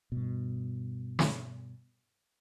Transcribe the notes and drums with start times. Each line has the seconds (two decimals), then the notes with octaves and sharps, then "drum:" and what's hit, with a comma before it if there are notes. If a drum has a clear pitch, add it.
0.12 G2 B2
1.19 drum: snare